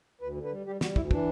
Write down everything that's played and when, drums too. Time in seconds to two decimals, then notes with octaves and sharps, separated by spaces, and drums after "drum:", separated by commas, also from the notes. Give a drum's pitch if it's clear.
0.21 D2 B4
0.36 D3
0.44 B4
0.51 G3
0.66 G3 G4
0.81 G3 F#4, drum: snare
0.96 D2 E4, drum: kick
1.11 E3 D4, drum: kick